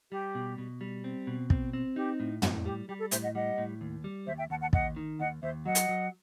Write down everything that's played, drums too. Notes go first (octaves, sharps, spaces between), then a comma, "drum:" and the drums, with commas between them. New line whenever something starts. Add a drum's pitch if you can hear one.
G3 G4
B2
B2
G3
C4
B2
C4, drum: kick
C4
D#4 G4
A2
A2 F#4, drum: tom
G3 G4
G3 G4
A4
A2 C5 E5, drum: hi-hat
D#5 F#5
G3 D#5 F#5
A2
D#2
G3
D#2 C5 E5
E5 G5
D#2 F#5 A5
F#5 A5
D#2 D#5 F#5, drum: kick
D#3
D#2 D#5 F#5
D#2 C5 E5
F#3 D#5 F#5
drum: hi-hat
F#3